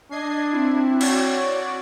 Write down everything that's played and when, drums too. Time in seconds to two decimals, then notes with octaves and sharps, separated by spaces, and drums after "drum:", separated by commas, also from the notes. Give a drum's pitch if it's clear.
0.11 D4 D#5 G#6 C7
0.53 C4 E4
1.01 F#4 C#5 D5, drum: cymbal